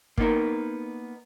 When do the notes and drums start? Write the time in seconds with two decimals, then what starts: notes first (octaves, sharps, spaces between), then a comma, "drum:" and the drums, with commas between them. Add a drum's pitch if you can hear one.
0.18 A#3 B3 D#4 A#4, drum: kick